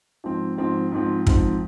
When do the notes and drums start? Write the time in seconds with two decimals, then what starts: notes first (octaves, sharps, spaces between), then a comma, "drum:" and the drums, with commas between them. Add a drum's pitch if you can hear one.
0.24 G#2 F3 C4
0.58 G#2 F3 C4
0.92 G#2 F3 C4
1.27 G#2 F3 C4, drum: kick